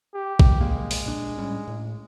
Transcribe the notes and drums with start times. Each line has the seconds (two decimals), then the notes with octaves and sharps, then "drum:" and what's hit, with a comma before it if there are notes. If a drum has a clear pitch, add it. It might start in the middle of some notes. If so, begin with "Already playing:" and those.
0.14 G4
0.40 drum: kick A#1
0.61 G#3 A#3
0.91 drum: open hi-hat
1.06 A#2 D4
1.38 A2 G3 C#4
1.67 A2